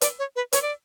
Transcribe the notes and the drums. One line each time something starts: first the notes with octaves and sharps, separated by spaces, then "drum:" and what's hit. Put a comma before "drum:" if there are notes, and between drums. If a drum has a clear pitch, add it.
D5, drum: hi-hat
C#5
B4
C#5, drum: hi-hat
D5